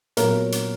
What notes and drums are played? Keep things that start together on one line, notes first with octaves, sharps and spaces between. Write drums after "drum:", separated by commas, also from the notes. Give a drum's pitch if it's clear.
A#2 F#3 B3 A#4 C#5, drum: hi-hat
drum: hi-hat